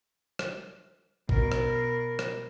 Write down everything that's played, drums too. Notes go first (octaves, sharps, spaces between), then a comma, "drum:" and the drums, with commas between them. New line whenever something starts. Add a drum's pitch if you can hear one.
drum: rim click
B2 A#4, drum: kick A1
drum: rim click
drum: rim click